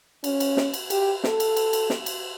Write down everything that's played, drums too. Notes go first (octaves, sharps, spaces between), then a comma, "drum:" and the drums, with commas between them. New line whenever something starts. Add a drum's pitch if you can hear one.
C#4, drum: cymbal
drum: cymbal
drum: snare
drum: cymbal
G4, drum: cymbal
A4, drum: snare
drum: cymbal
drum: cymbal
drum: cymbal
drum: snare
drum: cymbal